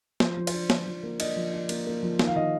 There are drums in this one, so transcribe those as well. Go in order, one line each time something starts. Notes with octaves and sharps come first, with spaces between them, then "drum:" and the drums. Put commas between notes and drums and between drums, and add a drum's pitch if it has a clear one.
F3 C5, drum: snare
F3
C5, drum: cymbal
D4
F3, drum: snare
F3
A#3
D4 D#5, drum: cymbal
F3
D4
A#3, drum: cymbal
A#3
F3
D#3, drum: snare
F5
D#3 D#5